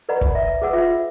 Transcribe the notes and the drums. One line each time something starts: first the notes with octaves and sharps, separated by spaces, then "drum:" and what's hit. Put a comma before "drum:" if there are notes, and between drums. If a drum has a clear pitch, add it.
A#4 B4 D5 F#5 A#5 B5
drum: kick
E5
G#4 B4 F#5 E6
F4 G#4 E5